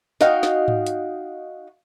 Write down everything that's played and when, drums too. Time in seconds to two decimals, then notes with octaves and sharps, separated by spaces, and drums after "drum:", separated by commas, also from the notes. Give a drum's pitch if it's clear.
0.21 D#4 F#4 D#5 F5 G5, drum: snare
0.43 drum: snare
0.68 drum: tom G#2
0.86 drum: hi-hat